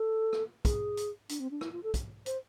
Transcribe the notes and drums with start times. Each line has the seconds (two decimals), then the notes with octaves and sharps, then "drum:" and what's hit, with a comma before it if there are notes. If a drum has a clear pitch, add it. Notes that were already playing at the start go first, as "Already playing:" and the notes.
Already playing: A4
0.33 drum: rim click
0.65 G#4, drum: kick, hi-hat
0.97 drum: hi-hat
1.29 D4, drum: hi-hat
1.40 C4
1.51 D4
1.61 E4, drum: rim click
1.72 F4
1.83 A4
1.94 drum: kick, hi-hat
2.26 C5, drum: hi-hat